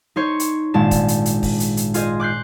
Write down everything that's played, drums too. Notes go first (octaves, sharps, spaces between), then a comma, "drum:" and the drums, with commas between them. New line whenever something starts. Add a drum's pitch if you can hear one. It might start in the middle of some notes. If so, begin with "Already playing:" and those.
D#4 C5 C#5
drum: hi-hat
G#1 A#2 G#3 D4 A5
drum: kick, hi-hat
drum: hi-hat
drum: hi-hat
drum: kick, open hi-hat
drum: hi-hat
drum: hi-hat
F4 G#4 C5 D#5, drum: hi-hat
D6 F#6 G6 C7